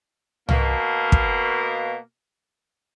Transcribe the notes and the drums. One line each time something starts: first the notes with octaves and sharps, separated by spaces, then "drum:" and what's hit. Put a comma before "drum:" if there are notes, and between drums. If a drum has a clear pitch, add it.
B2 A#3, drum: tom C2
drum: kick